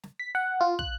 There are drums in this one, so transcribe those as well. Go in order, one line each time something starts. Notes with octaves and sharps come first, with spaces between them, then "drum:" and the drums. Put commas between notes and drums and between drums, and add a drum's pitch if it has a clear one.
drum: snare
B6
F#5
F4
F#6, drum: kick